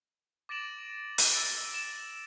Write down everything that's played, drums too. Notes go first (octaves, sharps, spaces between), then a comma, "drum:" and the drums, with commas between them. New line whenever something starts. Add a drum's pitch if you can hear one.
D6 A6 A#6 D7 E7 F#7
drum: hi-hat
E6 A6 D7
E7